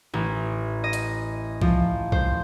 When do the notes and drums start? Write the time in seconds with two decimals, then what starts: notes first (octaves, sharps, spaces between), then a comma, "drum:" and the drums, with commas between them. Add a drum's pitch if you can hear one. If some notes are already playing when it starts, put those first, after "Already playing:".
0.14 A1
0.84 D#5
0.93 drum: hi-hat
1.62 F3, drum: kick
2.12 C5, drum: kick